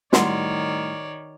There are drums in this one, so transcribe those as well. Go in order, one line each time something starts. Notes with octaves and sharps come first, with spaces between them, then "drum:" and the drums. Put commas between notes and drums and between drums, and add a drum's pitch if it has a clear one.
A2 D#3 G3 F#4 C#5 D5 F#5 C6, drum: snare